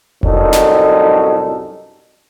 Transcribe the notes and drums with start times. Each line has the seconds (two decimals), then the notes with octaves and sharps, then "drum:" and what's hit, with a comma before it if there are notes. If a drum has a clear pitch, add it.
0.23 C2 F#2 A2 C#4 D#4 A4, drum: kick F1
0.53 drum: snare